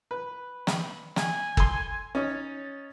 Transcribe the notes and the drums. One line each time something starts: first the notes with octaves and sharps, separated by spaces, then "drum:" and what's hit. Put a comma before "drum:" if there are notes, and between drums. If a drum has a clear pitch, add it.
B4
drum: snare
G#5, drum: snare
A4 C6, drum: kick
C#4 D#4 C#5 A6